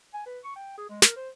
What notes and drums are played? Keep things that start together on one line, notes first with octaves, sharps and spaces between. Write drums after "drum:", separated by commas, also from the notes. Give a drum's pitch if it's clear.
G#5
B4
C#6
G5
G#4
G#3
A#4, drum: snare
C5